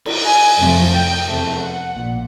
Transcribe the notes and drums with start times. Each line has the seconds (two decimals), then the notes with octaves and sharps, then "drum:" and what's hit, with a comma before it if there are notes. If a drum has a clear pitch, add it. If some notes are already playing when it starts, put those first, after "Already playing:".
0.06 drum: cymbal
0.25 G#5
0.59 F2 C3 F3 A3
0.93 G5
1.27 E2 C3 F3 A3
1.60 F#5
1.94 A#1 A#2